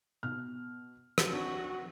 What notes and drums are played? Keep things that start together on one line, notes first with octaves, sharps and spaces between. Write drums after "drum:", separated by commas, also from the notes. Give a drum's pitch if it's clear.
B2 F6
drum: rim click
C4 D4 F#4